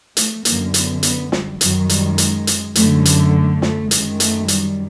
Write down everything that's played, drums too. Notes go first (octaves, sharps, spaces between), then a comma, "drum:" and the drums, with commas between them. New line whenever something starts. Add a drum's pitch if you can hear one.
A3, drum: hi-hat
F#2 D3 A#3, drum: hi-hat
B3, drum: hi-hat
B3, drum: hi-hat
G3, drum: snare
F#2 D#3 F#3, drum: hi-hat
G3, drum: hi-hat
G#3, drum: hi-hat
drum: hi-hat
F#2 D3 A3, drum: hi-hat
A3, drum: hi-hat
A3, drum: snare
F#2 D#3 G#3, drum: hi-hat
A3, drum: hi-hat
G3, drum: hi-hat